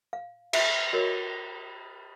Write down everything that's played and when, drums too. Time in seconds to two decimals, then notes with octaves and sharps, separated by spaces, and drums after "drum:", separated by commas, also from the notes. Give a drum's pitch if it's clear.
0.13 F5
0.53 E5, drum: cymbal
0.93 F#4 A#4 C#5 D#5